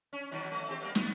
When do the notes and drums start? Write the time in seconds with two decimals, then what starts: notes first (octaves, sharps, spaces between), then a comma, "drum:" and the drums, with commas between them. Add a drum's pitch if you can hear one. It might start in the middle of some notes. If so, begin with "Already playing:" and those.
0.13 C#4
0.31 B2 D#3 F#3
0.52 A3
0.68 C4 G4
0.81 G3 A#3 B3
0.95 B3, drum: snare